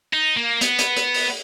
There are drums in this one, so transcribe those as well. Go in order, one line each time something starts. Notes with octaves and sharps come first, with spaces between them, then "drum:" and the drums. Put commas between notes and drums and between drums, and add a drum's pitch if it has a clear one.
D#4
A#3
B3, drum: hi-hat
drum: hi-hat
drum: hi-hat
drum: open hi-hat